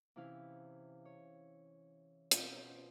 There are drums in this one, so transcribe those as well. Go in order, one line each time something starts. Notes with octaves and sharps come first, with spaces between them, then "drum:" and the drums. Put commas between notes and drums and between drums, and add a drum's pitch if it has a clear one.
C3 E3 C#4 E4 F5
C#5
B2 C4 C#4 F4 B4 G6, drum: hi-hat